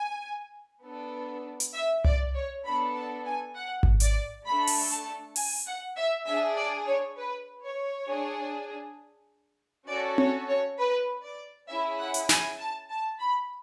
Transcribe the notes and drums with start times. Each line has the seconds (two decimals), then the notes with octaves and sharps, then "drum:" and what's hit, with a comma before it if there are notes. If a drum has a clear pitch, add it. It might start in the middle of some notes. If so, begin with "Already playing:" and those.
Already playing: G#5
0.84 B3 D4 A4
1.60 drum: hi-hat
1.74 E5
2.04 D5, drum: tom C2
2.34 C#5
2.65 B3 D4 A4 B5
2.94 A5
3.25 G#5
3.55 F#5
3.83 drum: kick G#1
4.00 D5, drum: hi-hat
4.46 A3 D4 A4 B5
4.67 drum: open hi-hat
4.91 A5
5.36 G#5, drum: open hi-hat
5.66 F#5
5.96 E5
6.26 D4 G#4 E5
6.57 D5
6.87 C#5
7.17 B4
7.62 C#5
8.07 D4 G#4
9.87 C#4 F#4 A4 D5
10.18 C#5, drum: tom C4
10.48 C#5
10.78 B4
11.23 D5
11.68 C#4 E4 G#4 E5
11.99 F#5
12.14 drum: hi-hat
12.29 G#5, drum: snare
12.59 A5
12.89 A5
13.19 B5